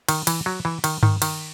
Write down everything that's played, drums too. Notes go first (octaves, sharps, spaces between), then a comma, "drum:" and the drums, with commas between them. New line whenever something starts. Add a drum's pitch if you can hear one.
D#3, drum: cymbal
E3, drum: cymbal
F#3
E3
D#3, drum: cymbal
D#3, drum: tom G2
D#3, drum: cymbal